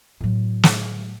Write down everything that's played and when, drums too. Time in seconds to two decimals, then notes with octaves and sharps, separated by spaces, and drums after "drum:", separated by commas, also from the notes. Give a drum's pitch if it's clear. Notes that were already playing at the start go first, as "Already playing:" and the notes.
0.21 A2 F#3
0.63 drum: snare